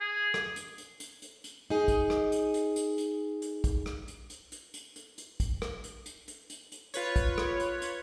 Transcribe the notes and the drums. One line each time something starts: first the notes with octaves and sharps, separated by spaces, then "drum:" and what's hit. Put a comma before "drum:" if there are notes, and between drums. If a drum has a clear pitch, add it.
G#4
drum: rim click
drum: hi-hat
drum: hi-hat
drum: hi-hat
drum: hi-hat
drum: hi-hat
D#4 G#4
drum: kick, hi-hat
drum: rim click
drum: hi-hat
drum: hi-hat
drum: hi-hat
drum: hi-hat
drum: hi-hat
drum: kick, hi-hat
drum: rim click
drum: hi-hat
drum: hi-hat
drum: hi-hat
drum: hi-hat
drum: hi-hat
drum: hi-hat
drum: kick, hi-hat
drum: rim click
drum: hi-hat
drum: hi-hat
drum: hi-hat
drum: hi-hat
drum: hi-hat
F4 B4 C#5, drum: hi-hat
drum: kick, hi-hat
drum: rim click
drum: hi-hat
drum: hi-hat